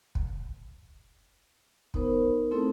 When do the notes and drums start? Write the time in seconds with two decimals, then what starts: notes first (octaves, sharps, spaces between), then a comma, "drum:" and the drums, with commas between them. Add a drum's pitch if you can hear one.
0.15 drum: kick
1.94 B3 D#4 A#4 C5 B5, drum: kick
2.51 A3 C4 D#4 E4 G#4 A4